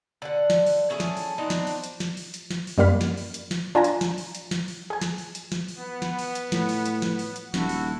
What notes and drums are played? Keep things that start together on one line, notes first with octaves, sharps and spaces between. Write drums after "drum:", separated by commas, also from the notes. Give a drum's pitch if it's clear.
D3 F#5
drum: snare
drum: open hi-hat
A3 C#4 E4 G#4
drum: snare
drum: open hi-hat
B3 C4 D4 D#4
drum: snare
drum: open hi-hat
drum: hi-hat
drum: snare
drum: open hi-hat
drum: hi-hat
drum: snare
drum: open hi-hat
F#2 G3 A#3 F5 B5
drum: snare
drum: open hi-hat
drum: hi-hat
drum: snare
D4 F4 G#5 A#5
drum: hi-hat
drum: snare
drum: open hi-hat
drum: hi-hat
drum: snare
drum: open hi-hat
G#4 G#5
drum: snare
drum: open hi-hat
drum: hi-hat
drum: snare
drum: open hi-hat
B3
drum: snare
drum: open hi-hat
drum: hi-hat
A2, drum: snare
drum: open hi-hat
drum: hi-hat
drum: snare
drum: open hi-hat
drum: hi-hat
D#1 E4 F#4 A4, drum: snare
drum: open hi-hat